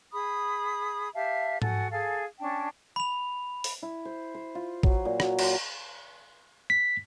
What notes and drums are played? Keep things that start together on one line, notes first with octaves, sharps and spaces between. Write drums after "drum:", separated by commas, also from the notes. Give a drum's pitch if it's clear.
G#4 B5 D#6
G4 E5 F5 A5
F#4 A4 F#5 G#5, drum: tom G#2
G#4 A4 F5 G#5
C#4 D4 G5 A5
B5 F7
drum: open hi-hat
E4
C5
C5
F4
F#3, drum: kick
A#2
F#3, drum: rim click
F#3, drum: cymbal
B6